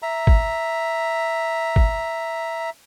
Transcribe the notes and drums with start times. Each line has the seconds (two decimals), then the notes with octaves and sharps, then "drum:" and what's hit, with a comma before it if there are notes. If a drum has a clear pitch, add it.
0.02 E5 A#5
0.27 drum: kick G#1
1.76 drum: kick G#1